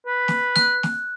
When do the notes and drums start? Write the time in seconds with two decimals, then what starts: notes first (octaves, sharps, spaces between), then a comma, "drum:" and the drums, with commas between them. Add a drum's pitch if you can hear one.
0.06 B4
0.28 drum: snare
0.56 F#6, drum: snare
0.83 drum: snare